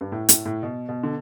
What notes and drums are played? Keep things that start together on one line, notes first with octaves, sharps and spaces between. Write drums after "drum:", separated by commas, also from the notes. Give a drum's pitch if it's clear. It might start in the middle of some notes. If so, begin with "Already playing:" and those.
G2
A2
A2, drum: hi-hat
A2
B2
B2
D3